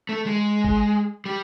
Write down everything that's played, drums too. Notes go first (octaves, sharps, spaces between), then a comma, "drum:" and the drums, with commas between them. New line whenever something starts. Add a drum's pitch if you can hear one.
A3
G#3
drum: kick
G3